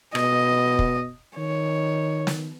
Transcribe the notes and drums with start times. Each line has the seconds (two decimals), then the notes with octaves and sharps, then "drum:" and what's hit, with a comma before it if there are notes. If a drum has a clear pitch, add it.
0.15 B2 D#5, drum: rim click
0.79 drum: kick
1.37 D#3 C#5
2.27 drum: snare